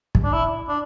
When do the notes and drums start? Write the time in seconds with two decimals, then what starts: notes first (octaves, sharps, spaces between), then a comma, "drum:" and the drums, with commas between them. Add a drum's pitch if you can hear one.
0.15 drum: kick
0.24 D4
0.33 E4
0.69 D4